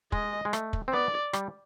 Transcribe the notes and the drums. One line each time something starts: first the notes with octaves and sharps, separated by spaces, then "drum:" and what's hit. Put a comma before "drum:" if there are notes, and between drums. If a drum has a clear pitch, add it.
G#3 D#5, drum: kick
G#3
A3, drum: rim click
drum: kick
C4
B3 D5
G3, drum: rim click